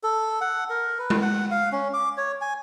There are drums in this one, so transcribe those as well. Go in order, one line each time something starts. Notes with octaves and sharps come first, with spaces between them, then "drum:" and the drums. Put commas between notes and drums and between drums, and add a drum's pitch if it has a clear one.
A4
F#5
A#4
B4
drum: tom G#3
F#5
F5
C#4
D6
C#5
G#5